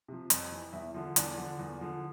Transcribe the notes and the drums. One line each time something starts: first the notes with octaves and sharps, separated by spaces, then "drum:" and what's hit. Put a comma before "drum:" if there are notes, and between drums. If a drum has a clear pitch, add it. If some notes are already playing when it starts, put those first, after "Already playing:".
C3 F3
F2, drum: hi-hat
E3
E2 E4
D3 F3
E2 D4, drum: hi-hat
D3 F3
E2
D3 F3